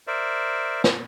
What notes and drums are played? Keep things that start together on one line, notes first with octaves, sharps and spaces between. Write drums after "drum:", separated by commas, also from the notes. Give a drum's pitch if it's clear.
A#4 C5 D5 E5
drum: snare